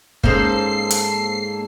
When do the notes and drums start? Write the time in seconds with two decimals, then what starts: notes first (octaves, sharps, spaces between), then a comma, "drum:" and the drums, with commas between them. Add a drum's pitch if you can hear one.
0.24 G#2 A#3 C#4 D#4 A4 C5 C7, drum: kick
0.90 drum: hi-hat